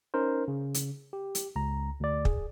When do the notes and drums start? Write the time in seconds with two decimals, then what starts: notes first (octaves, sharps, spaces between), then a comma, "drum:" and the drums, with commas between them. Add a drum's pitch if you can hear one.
0.14 C#4 D#4 A#4 C5
0.48 C#3
0.74 drum: hi-hat
1.13 G4
1.35 drum: hi-hat
1.56 C#2 A#5
2.00 D2 D5
2.25 G#4, drum: kick